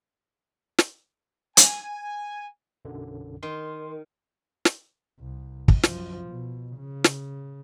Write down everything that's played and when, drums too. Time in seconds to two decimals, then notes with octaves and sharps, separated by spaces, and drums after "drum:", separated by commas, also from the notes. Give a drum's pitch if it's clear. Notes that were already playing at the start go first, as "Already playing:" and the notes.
0.78 drum: snare
1.57 G#5, drum: hi-hat
2.85 B1 F#2 D3
3.43 D#3 C6
4.65 drum: snare
5.20 C2
5.68 drum: kick
5.83 F#2 F3, drum: snare
6.28 B2
6.77 C#3
7.04 drum: snare